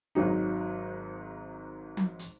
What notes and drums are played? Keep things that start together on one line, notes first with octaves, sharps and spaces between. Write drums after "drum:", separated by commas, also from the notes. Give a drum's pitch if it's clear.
G#1 G#2 F#3 D#4
drum: tom F3
drum: hi-hat